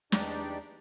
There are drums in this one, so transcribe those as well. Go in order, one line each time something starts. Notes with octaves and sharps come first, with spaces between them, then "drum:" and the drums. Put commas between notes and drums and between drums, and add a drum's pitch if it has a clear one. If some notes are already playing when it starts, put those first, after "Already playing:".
E2 D4 D#4 G4 D5, drum: snare